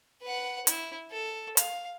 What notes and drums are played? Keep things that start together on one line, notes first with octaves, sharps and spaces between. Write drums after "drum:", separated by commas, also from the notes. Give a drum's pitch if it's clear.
B4 F#5
E4, drum: hi-hat
A4
F5, drum: hi-hat